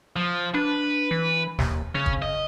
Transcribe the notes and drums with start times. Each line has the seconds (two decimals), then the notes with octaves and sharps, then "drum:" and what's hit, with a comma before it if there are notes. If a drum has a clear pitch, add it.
0.16 F3
0.54 D4 B4
1.11 E3
1.59 D#2, drum: snare
1.95 C#3 C#4
2.06 drum: kick
2.22 D#5